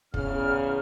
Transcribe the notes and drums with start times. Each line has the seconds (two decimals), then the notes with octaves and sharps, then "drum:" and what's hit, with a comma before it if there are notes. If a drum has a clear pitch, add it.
0.14 E2 C#3 F6, drum: kick